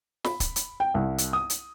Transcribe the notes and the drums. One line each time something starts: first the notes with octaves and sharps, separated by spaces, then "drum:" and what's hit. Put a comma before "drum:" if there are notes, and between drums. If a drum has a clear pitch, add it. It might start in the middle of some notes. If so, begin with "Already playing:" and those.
B5, drum: snare
drum: kick, hi-hat
drum: hi-hat
G5
C2
drum: hi-hat
D#6
drum: hi-hat